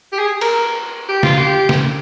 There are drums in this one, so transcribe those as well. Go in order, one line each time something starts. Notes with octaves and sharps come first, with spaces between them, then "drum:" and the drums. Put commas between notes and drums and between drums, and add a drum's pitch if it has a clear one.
G4
G#4
A#4, drum: cymbal
G4
F4, drum: snare
G4
drum: snare